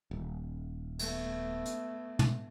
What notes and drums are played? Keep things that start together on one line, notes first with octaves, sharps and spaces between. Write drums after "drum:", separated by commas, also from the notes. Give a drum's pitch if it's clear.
D#1
A3 B3, drum: cymbal
drum: hi-hat
drum: tom